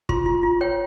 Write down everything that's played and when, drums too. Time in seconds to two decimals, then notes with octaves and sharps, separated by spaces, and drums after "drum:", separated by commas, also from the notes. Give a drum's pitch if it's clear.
0.09 F4 C6, drum: kick
0.26 F4
0.43 F4
0.61 C#5 G5